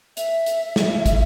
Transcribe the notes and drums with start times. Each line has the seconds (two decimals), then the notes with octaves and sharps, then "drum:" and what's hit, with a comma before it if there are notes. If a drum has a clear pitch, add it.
0.17 E5, drum: hi-hat
0.46 drum: hi-hat
0.76 drum: snare
1.06 drum: kick, hi-hat